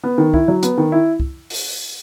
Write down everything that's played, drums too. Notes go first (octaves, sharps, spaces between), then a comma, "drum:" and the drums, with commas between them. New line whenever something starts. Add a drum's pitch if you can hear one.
B3
D#3
E4, drum: kick
F#3
B3, drum: hi-hat
D#3
E4
drum: kick
drum: open hi-hat